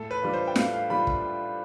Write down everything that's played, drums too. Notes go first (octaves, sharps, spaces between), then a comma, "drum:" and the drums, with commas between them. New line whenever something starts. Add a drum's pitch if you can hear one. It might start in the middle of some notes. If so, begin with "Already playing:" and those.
Already playing: A2 A4
B4
G3 D4 F4
C5
G5
A2 F5, drum: snare
F5
G3 D4 F4 B5
drum: kick